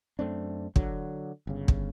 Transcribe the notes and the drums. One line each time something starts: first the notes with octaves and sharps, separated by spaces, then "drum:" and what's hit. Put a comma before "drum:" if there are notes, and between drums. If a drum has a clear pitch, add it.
F#2 A3 C4 D4
D3 F#3, drum: kick
G1 C#3
drum: kick